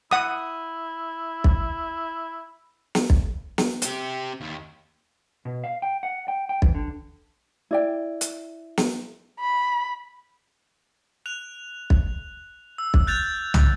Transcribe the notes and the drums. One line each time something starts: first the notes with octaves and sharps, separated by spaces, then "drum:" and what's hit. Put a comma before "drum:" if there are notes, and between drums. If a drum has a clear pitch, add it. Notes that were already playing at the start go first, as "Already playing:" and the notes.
E4 F#5 D#6
drum: kick
drum: snare
drum: kick
drum: snare
C4 G4, drum: hi-hat
D#2
B2
F5
G5
F#5
G5
G5
E3, drum: kick
D3
E4 D5 G5
drum: hi-hat
drum: snare
B5
F#6 F7
drum: kick
E6
drum: kick
F#6 G6 A6 F7
drum: tom